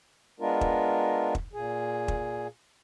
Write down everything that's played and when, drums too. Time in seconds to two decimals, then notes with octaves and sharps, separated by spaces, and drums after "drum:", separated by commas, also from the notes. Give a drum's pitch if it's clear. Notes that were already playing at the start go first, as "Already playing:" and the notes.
0.40 G#3 B3 D4 F4 A#4
0.61 drum: kick
1.35 drum: kick
1.53 A#2 G#4
2.08 drum: kick